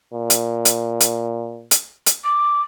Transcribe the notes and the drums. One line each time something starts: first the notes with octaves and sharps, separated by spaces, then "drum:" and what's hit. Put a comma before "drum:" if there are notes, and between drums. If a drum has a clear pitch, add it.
A#2
drum: hi-hat
drum: hi-hat
drum: hi-hat
drum: hi-hat
drum: hi-hat
D6